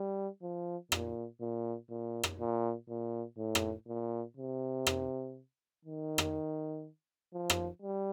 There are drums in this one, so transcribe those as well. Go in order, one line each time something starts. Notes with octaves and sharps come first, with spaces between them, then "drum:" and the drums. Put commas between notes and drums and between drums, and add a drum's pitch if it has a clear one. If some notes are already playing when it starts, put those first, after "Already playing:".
Already playing: G3
F3
A#2, drum: rim click
A#2
A#2
drum: rim click
A#2
A#2
A2
drum: rim click
A#2
C3
drum: rim click
D#3
drum: rim click
F3
drum: rim click
G3